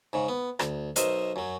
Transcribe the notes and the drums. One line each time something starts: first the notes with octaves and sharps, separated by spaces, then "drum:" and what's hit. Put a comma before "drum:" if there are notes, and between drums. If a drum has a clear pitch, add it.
G#2 C#3
B3
D2, drum: rim click
B1 A#4 C5 D#5 E5, drum: hi-hat
F#2 F#3